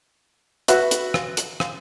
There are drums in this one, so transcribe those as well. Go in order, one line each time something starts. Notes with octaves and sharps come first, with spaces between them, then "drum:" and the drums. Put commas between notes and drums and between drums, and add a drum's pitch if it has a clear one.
F#4 B4 E5, drum: hi-hat
drum: hi-hat
drum: rim click
drum: hi-hat
drum: rim click